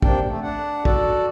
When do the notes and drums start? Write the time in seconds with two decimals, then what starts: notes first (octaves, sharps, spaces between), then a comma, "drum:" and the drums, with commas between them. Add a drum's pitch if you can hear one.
0.02 C3 A#3 D4 G5, drum: kick
0.28 A3
0.42 D4 F#5
0.85 F#4 A4 D5, drum: kick